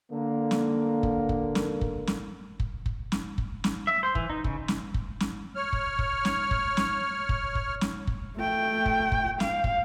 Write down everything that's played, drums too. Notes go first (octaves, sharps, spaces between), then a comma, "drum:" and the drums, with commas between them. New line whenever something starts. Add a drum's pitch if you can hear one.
D3 A#3
drum: snare
drum: kick
drum: kick
drum: snare
drum: kick
drum: snare
drum: kick
drum: kick
drum: snare
drum: kick
drum: snare
E5
C5
E3, drum: kick
D#4
C#3, drum: kick
drum: snare
drum: kick
drum: snare
C#5 F6
drum: kick
drum: kick
drum: snare
drum: kick
drum: snare
drum: kick
drum: kick
drum: snare
drum: kick
A3 G5
drum: kick
drum: kick
F5, drum: snare
drum: kick